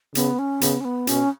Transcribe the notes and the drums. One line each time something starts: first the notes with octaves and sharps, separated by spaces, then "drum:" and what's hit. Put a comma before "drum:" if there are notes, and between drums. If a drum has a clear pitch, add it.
C#3 B3, drum: hi-hat
C#4
C#3 B3, drum: hi-hat
C#4
B3
B2 C#4, drum: hi-hat